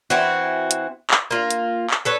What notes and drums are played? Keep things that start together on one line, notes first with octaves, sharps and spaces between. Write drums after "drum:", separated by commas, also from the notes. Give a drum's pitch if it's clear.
E3 C4 F#4
drum: hi-hat
drum: clap
A#3 F4
drum: hi-hat
drum: clap
A4 B4 C#5